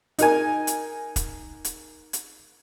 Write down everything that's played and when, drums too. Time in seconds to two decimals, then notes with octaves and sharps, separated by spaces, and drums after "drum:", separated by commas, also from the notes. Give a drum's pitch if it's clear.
0.19 D#4 A#4 G#5, drum: hi-hat
0.67 drum: hi-hat
1.16 drum: kick, hi-hat
1.65 drum: hi-hat
2.13 drum: hi-hat